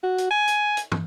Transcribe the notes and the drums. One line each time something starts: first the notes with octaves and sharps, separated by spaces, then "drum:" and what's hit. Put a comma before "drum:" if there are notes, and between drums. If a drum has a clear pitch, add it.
F#4
drum: hi-hat
G#5
drum: hi-hat
drum: hi-hat
drum: tom